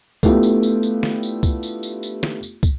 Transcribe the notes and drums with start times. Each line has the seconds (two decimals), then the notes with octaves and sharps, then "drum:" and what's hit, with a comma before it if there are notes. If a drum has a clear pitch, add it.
0.23 A3 B3 D4 E4 F4 G4, drum: kick, tambourine
0.43 drum: tambourine
0.63 drum: tambourine
0.83 drum: tambourine
1.03 drum: snare
1.23 drum: tambourine
1.43 drum: kick, tambourine
1.63 drum: tambourine
1.83 drum: tambourine
2.03 drum: tambourine
2.23 drum: snare
2.43 drum: tambourine
2.63 drum: kick, tambourine